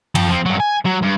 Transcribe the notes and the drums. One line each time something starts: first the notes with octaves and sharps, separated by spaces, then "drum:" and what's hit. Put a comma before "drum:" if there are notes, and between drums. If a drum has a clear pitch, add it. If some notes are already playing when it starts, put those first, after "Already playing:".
F3 G5, drum: tom
F3 C4
G2 F#3
G#5
F#3
G2